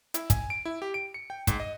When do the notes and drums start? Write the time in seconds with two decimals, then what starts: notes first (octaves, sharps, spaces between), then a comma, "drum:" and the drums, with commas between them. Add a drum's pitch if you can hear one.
0.14 E4, drum: hi-hat
0.30 G#5, drum: kick, hi-hat
0.50 D7
0.65 E4
0.82 G4
0.94 D7
1.14 C#7
1.30 G5
1.47 G#2, drum: kick, hi-hat
1.60 D#5